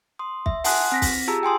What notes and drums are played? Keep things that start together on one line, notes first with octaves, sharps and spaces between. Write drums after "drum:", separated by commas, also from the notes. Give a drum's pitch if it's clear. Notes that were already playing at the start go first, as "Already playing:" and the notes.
C6 D#6
E5, drum: kick
F#5 G#5 A5 C6 D#6 F#6, drum: open hi-hat
C4 A#6 B6
drum: kick, open hi-hat
F4 G4 G#4 A5 A#5 E6
G5 G#5 C6 D#6